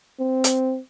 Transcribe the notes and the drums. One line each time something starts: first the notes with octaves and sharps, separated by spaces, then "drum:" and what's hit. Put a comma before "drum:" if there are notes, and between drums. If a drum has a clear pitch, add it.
C4
drum: hi-hat